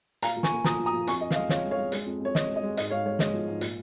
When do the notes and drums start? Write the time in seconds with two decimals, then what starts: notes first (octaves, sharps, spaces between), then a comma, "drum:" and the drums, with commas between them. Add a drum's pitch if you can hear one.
0.22 A#2 F5 A#5, drum: hi-hat
0.36 A#2
0.43 G#5 C#6, drum: snare
0.51 A#3
0.64 A#2 A#5 D#6, drum: snare
0.80 F3
0.86 A#5 D#6
0.93 F3
1.07 F2 G#5 C#6, drum: hi-hat
1.21 F2 D#5
1.31 F5, drum: snare
1.35 G#3 D#5
1.49 F2 C#5 F5, drum: snare
1.64 G#3
1.71 C#5 F5
1.78 G#3
1.92 G#3, drum: hi-hat
2.06 F2
2.21 F2 C#5
2.35 F2 D#5, drum: snare
2.48 G#3
2.56 D#5
2.63 G#3
2.77 G#2 D#5, drum: hi-hat
2.90 G#2 C#5 F5
3.06 G#3 C#5
3.19 G#3 D#5, drum: snare
3.34 F3
3.48 G#2
3.61 A#2, drum: hi-hat